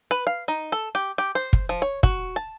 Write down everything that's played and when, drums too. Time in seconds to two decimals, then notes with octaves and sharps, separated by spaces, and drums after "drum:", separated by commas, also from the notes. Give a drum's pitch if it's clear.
0.11 B4
0.27 F5
0.48 D#4
0.72 A4
0.95 G4
1.18 G4
1.35 C5
1.53 drum: kick
1.69 F3
1.82 C#5
2.03 F#4, drum: kick
2.36 A5